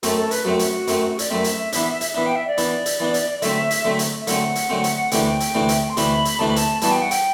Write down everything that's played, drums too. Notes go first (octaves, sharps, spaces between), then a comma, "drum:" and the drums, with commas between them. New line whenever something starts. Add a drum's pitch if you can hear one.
F#2 F#3 A3 C4 A4, drum: hi-hat
A4
B4, drum: hi-hat
F#2 F#3 A3 C4 F#4
drum: hi-hat
F#2 F#3 A3 C4, drum: hi-hat
D5, drum: hi-hat
F#2 F#3 A3 C4 E5
drum: hi-hat
E3 B3 D4, drum: hi-hat
drum: hi-hat
E3 B3 D4 E5
G5
E5
D5
E3 B3 D4, drum: hi-hat
drum: hi-hat
E3 B3 D4
drum: hi-hat
D3 F#3 A3 C4 E5, drum: hi-hat
drum: hi-hat
D3 F#3 A3 C4
drum: hi-hat
E5
D3 F#3 A3 C4 F#5, drum: hi-hat
drum: hi-hat
D3 F#3 A3 C4
drum: hi-hat
D2 C3 E3 A3 D4 G5, drum: hi-hat
drum: hi-hat
D2 C3 E3 A3 D4
drum: hi-hat
C6
D2 C3 E3 A3 D4 B5, drum: hi-hat
drum: hi-hat
D2 C3 E3 A3 D4 A5
B5
A5, drum: hi-hat
E3 G3 B3 F#4 A5, drum: hi-hat
G5
F#5
G5, drum: hi-hat